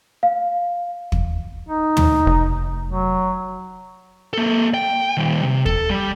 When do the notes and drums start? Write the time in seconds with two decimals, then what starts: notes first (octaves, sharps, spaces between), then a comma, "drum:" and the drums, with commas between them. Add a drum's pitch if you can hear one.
0.23 F5
1.12 drum: kick
1.68 D#4
1.97 drum: tom
2.26 F1
2.90 F#3
4.33 A#3 A4
4.74 G5
5.17 D#3 G3
5.43 C3
5.66 A4, drum: kick
5.90 G3